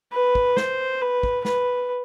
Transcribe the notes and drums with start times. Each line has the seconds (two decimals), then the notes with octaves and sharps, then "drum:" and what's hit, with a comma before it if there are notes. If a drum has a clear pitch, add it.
0.13 B4
0.35 drum: kick
0.57 C5, drum: snare
1.02 B4
1.23 drum: kick
1.45 B4, drum: snare